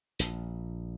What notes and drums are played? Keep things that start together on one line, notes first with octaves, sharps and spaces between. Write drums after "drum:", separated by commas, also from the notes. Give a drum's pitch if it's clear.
A#1, drum: hi-hat